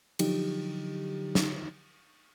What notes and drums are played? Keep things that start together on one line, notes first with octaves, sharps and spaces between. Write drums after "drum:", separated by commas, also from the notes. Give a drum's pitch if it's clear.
D3 F3 F#3 D#4 G4, drum: cymbal
drum: snare